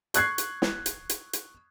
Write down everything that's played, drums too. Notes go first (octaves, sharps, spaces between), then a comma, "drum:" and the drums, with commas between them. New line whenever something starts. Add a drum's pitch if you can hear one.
C#6 F#6 G#6 C7, drum: hi-hat
drum: hi-hat
drum: snare
drum: hi-hat
drum: hi-hat
drum: hi-hat